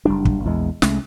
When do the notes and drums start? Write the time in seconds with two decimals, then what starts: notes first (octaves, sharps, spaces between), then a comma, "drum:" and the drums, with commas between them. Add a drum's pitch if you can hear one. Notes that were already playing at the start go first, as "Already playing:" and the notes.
0.05 F#1 G3 D4
0.25 drum: kick
0.43 A#1 E2 G#3
0.82 C2 G#3 A3 C#4, drum: snare